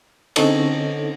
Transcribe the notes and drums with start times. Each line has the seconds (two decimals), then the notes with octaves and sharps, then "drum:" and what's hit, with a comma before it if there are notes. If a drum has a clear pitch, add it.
0.36 D3 C4 C#4 D#4 A4 C#5, drum: cymbal